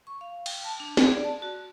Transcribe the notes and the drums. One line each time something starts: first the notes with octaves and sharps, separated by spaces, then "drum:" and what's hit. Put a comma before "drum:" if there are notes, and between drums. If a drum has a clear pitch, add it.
C#6
F5
G5, drum: cymbal
A5
D4
G#4, drum: snare
D5
A5
F#4